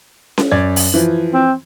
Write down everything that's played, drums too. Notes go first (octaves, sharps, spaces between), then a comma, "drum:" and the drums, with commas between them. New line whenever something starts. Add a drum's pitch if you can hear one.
drum: snare C#4
F#2 D5 G#6
drum: open hi-hat
E3 F3
C4